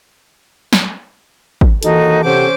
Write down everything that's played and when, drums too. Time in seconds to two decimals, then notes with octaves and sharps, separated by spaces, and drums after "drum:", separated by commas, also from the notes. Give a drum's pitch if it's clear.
0.73 drum: snare
1.61 drum: kick G#1
1.83 D#2 E3 D#4 F#4 G4 A4, drum: hi-hat
2.24 C3 C#4 A4 C5 F#5 D6 G6